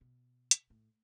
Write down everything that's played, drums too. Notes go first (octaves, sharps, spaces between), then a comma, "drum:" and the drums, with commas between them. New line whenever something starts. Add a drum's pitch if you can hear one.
B2
drum: hi-hat
A2